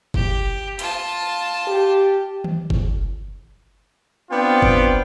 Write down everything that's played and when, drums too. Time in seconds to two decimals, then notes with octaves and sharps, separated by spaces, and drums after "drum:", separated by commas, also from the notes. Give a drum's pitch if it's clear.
0.14 G4, drum: kick F#1
0.79 F4 A5, drum: hi-hat
1.68 G4
2.44 drum: tom D#3
2.70 drum: kick F#1
4.30 B3 C4 D4 F4 G5
4.62 drum: kick F#1